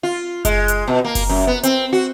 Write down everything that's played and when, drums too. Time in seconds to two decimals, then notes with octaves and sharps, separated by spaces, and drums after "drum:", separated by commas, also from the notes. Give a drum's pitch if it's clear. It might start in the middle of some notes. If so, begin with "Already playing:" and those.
0.03 F4
0.45 G#3, drum: kick F#1, hi-hat
0.68 drum: hi-hat
0.87 B2
1.04 A#3
1.15 drum: kick F#1, open hi-hat
1.29 F#2
1.47 B3
1.63 C4, drum: hi-hat
1.93 F#4